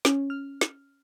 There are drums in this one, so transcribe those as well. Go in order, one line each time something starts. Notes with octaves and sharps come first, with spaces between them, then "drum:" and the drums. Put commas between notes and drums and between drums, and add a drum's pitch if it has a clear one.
C#4, drum: snare
F6
drum: snare